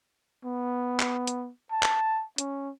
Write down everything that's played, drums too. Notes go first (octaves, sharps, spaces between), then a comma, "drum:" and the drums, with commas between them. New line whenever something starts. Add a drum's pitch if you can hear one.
B3
drum: clap
drum: hi-hat
A5
drum: clap
C#4, drum: hi-hat